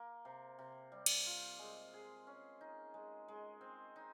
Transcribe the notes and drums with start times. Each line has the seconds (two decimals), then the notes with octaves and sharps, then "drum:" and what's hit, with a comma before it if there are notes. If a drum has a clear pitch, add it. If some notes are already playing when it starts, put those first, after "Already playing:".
Already playing: A#3
0.25 C3
0.59 C3
0.92 G3
1.06 drum: cymbal
1.26 F4
1.59 G#3
1.93 G#4
2.27 C#4
2.61 D#4
2.94 G#3
3.28 G#3
3.61 C4
3.96 D#4